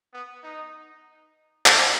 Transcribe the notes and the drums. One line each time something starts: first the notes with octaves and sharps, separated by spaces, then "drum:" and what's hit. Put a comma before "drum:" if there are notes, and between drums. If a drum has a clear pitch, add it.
B3
D#4
drum: clap